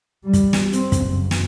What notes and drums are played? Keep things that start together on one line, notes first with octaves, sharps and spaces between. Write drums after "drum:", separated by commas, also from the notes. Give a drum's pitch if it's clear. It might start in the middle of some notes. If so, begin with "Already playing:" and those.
G3
drum: kick, hi-hat
drum: snare
C4, drum: hi-hat
drum: kick, hi-hat
F#1
drum: snare